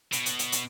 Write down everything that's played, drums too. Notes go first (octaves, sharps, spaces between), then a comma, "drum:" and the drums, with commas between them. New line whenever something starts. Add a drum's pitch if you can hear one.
B2, drum: hi-hat
drum: hi-hat
drum: hi-hat
drum: hi-hat